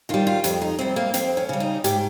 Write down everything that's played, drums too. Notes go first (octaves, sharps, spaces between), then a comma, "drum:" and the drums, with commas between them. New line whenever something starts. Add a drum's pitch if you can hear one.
D#3 G3 F4
F4
F2 G4, drum: hi-hat
D#4
C3 G3 C4
A#3
F2 C4, drum: hi-hat
C#4
C#3 G3
D#4
G#2 G4, drum: hi-hat